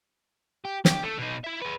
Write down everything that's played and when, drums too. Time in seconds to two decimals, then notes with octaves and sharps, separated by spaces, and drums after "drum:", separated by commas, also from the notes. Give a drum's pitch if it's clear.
0.65 G4
0.85 G4, drum: snare
1.03 A3
1.18 B2 D#4
1.44 E4 E5
1.61 G#4 B4